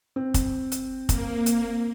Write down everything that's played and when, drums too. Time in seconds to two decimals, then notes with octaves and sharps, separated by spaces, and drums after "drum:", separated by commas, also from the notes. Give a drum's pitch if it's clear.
0.16 C4
0.34 drum: kick, hi-hat
0.72 drum: hi-hat
1.09 A#3, drum: kick, hi-hat
1.46 drum: hi-hat